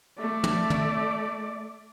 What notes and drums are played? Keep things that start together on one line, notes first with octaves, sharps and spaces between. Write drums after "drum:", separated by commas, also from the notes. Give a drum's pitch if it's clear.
A3 D5
drum: tom
drum: tom